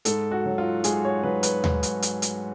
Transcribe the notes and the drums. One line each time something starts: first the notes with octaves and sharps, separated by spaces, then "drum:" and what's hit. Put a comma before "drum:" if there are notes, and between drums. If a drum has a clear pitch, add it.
G#2 A4, drum: hi-hat
F#4
F#3
F4
G#2 G#4, drum: hi-hat
C#5
F#3 B4
B4, drum: hi-hat
G#2, drum: tom D#2
drum: hi-hat
drum: hi-hat
drum: hi-hat